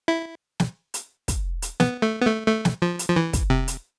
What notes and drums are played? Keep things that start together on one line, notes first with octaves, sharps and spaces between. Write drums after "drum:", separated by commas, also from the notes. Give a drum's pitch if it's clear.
E4
drum: snare
drum: hi-hat
drum: kick, hi-hat
drum: hi-hat
B3, drum: snare
A3
B3
A3
A3
drum: snare
F3
drum: hi-hat
F3
E3
drum: kick, hi-hat
C3
drum: hi-hat